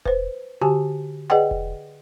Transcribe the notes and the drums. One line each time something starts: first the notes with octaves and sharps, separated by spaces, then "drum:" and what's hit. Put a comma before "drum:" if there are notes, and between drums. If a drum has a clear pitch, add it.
B4 C5, drum: kick E1
D3 F#4 G4 G#5 A5
G#4 B4 D5 D#5 F#5 G5
drum: kick E1